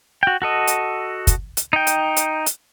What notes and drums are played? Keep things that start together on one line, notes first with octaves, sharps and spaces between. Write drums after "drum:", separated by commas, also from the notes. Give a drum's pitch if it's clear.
F#4 G5
F#4 A4 D#5
drum: hi-hat
drum: kick, hi-hat
drum: hi-hat
D#4 G5
drum: hi-hat
drum: hi-hat
drum: hi-hat